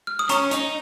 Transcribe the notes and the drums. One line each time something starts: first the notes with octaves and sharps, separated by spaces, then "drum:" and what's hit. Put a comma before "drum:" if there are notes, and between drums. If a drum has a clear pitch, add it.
F6
D#6
C#4 A#5 C#6, drum: hi-hat
D#4, drum: hi-hat